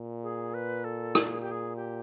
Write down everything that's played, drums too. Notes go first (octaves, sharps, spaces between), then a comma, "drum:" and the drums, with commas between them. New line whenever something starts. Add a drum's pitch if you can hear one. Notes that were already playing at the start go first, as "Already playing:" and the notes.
Already playing: A#2
G#4
B4
A4
drum: rim click
G#4
G4
G#4
G4